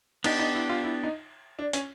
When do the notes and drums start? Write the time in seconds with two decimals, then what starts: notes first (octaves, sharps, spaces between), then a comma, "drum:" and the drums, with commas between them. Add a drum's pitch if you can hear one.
0.24 B3 D4 D#4 G4, drum: cymbal
0.39 D#4
0.54 E4
0.69 F4
0.84 E4
1.03 D#4
1.59 D4
1.73 C#4, drum: hi-hat